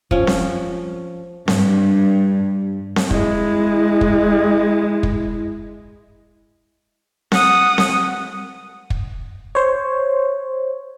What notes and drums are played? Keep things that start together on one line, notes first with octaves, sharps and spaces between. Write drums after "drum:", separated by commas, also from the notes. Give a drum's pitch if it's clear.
F3 C#4, drum: kick
drum: snare C4
G2, drum: snare C4
drum: snare C4
G#3 E4, drum: kick
drum: kick
drum: kick
F#5 D#6, drum: snare C4
drum: snare C4
drum: kick
C5 C#5